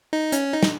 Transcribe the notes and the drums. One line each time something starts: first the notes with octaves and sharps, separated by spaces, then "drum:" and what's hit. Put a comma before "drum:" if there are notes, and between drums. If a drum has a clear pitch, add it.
D#4
C#4, drum: hi-hat
D#4
drum: snare